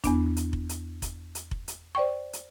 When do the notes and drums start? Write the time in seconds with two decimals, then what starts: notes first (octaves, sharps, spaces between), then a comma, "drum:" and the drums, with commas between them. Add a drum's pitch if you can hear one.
0.04 E2 B3 D4, drum: kick F1, hi-hat
0.37 drum: hi-hat
0.53 drum: kick F1
0.69 drum: hi-hat
1.02 drum: kick F1, hi-hat
1.35 drum: hi-hat
1.51 drum: kick F1
1.68 drum: hi-hat
1.95 C5 D5 G5 C#6
2.33 drum: hi-hat